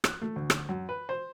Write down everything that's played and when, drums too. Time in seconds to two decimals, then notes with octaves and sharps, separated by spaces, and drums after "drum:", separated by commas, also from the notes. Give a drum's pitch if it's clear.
0.04 F#6, drum: rim click
0.22 A3
0.36 D2
0.50 drum: rim click
0.69 F#2
0.89 B4
1.09 C5